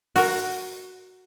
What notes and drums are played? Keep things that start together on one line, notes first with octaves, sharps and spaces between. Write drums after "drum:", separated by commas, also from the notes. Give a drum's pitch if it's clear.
F#4 A#4, drum: open hi-hat